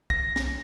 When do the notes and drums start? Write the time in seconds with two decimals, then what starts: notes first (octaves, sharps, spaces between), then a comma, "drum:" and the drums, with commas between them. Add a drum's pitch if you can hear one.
0.10 A#6, drum: kick
0.36 drum: snare